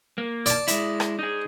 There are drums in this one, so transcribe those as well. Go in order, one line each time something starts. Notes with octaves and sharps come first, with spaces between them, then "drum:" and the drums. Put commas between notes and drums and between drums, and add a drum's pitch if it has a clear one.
A#3
D5 A5, drum: hi-hat
G#3 E4, drum: hi-hat
drum: rim click
D#4 G#4